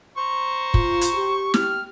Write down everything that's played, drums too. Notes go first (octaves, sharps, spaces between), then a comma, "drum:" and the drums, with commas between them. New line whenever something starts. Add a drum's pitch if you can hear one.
C5 A#5 C#6
F4, drum: kick
drum: hi-hat
G4
F6, drum: snare